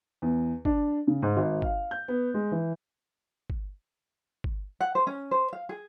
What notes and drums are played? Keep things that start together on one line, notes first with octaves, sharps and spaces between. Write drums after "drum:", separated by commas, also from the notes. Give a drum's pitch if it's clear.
E2
D4, drum: kick
C#3
G#2
G#1
F5, drum: kick
G6
B3
G#3
E3
drum: kick
drum: kick
F#5
C5
C#4
C5
F5
G#4